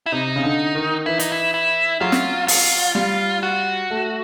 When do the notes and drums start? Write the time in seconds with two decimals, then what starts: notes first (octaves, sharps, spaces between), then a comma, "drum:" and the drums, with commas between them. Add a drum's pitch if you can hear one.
0.06 E4
0.12 C3 D#4
0.36 C#3
0.44 D3
0.75 D#3
1.06 E3 E4
1.20 D#4, drum: hi-hat
1.32 E4
1.54 E4
2.01 F#3 F4
2.12 drum: snare
2.48 F4, drum: open hi-hat
2.95 G3 F4
3.43 F#4
3.90 A3